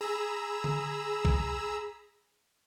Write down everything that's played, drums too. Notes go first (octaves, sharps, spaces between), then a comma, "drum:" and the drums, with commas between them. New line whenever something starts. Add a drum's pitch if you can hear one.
G#4 A#5 B5 E6
drum: tom D3
drum: kick B1